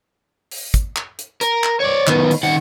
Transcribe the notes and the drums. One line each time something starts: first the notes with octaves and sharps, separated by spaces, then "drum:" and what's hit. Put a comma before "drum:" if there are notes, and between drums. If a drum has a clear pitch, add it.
drum: open hi-hat
drum: kick, hi-hat
drum: clap
drum: hi-hat
A#4, drum: hi-hat
drum: clap
C#5 D5
D#3 B3, drum: clap
drum: open hi-hat
D#3 F#5